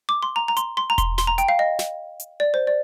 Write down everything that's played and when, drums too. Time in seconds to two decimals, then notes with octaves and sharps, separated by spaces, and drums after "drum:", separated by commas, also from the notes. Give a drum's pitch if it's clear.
0.09 D6
0.23 C6
0.36 A#5
0.48 A#5
0.57 C6, drum: hi-hat
0.77 C6
0.90 A#5
0.98 C6, drum: kick E1, hi-hat
1.18 C6, drum: snare
1.27 A#5
1.38 G5, drum: hi-hat
1.48 F5
1.59 D#5
1.79 drum: snare
2.20 drum: hi-hat
2.40 D5
2.54 C5
2.67 D5